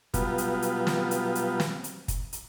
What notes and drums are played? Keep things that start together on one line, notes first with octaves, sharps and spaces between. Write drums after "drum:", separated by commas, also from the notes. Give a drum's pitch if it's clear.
B2 F#3 G3 B3 F4, drum: kick, hi-hat
drum: hi-hat
drum: hi-hat
drum: snare
drum: hi-hat
drum: hi-hat
drum: snare
drum: hi-hat
drum: kick, hi-hat
drum: hi-hat